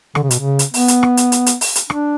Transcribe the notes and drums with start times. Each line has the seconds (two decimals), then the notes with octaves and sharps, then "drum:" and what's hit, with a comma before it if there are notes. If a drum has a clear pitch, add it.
0.15 D3, drum: rim click
0.23 C#3
0.31 B2, drum: hi-hat
0.39 C#3
0.59 drum: hi-hat
0.74 B3, drum: open hi-hat
0.88 drum: hi-hat
1.03 drum: rim click
1.17 drum: hi-hat
1.32 drum: hi-hat
1.46 drum: hi-hat
1.61 drum: open hi-hat
1.76 drum: hi-hat
1.90 D4, drum: rim click